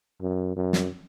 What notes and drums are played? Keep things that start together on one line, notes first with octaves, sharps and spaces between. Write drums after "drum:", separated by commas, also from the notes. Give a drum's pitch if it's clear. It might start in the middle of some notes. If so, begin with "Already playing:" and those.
F#2
F#2
drum: snare